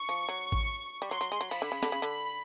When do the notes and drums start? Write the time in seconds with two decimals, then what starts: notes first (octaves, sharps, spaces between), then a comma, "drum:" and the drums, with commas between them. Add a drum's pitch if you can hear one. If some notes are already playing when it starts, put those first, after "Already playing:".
Already playing: C#6
0.09 F3
0.29 F#3
0.52 drum: kick A1
1.02 G3
1.10 F#3 C6
1.21 F#3
1.32 G#3
1.41 F#3
1.51 F3 B5, drum: cymbal
1.62 D3
1.72 C#3
1.83 D3, drum: snare
1.92 C#3
2.02 D3